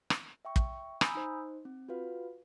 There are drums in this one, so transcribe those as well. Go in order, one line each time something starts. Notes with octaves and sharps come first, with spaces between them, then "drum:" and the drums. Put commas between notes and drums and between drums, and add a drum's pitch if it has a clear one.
drum: rim click
E5 G5 C#6
drum: kick
G#5 A#5 B5 D#6 E6 G6, drum: rim click
D#4 C5
C4
F4 F#4 B4 F5